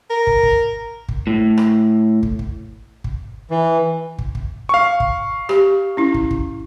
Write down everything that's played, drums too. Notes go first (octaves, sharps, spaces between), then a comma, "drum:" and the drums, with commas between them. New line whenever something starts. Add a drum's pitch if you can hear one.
A#4
drum: kick
drum: kick
drum: kick
A2
drum: rim click
drum: kick
drum: kick
drum: kick
E3
drum: kick
drum: kick
F5 C#6
drum: kick
G4, drum: rim click
C#4 E4
drum: kick
drum: kick